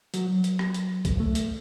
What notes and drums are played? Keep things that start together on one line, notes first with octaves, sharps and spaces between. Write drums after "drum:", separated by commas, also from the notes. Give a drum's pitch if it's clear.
F#3, drum: hi-hat
drum: hi-hat
drum: rim click
drum: hi-hat
drum: kick C2, hi-hat
A3
drum: hi-hat